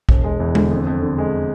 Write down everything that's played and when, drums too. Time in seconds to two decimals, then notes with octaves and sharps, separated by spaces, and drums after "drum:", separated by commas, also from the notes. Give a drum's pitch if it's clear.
0.09 E1, drum: kick A#1
0.24 G#3
0.40 E2
0.55 D3, drum: tom G#3
0.71 F2
0.87 F2
1.02 D3
1.18 G#3